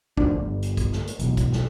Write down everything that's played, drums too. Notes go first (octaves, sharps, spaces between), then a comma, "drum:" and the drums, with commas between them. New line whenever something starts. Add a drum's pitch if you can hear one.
F1 D2 F3 D4, drum: kick
G1
drum: hi-hat
drum: kick, hi-hat
drum: snare
drum: hi-hat
E1 B1, drum: hi-hat
drum: kick, hi-hat
drum: snare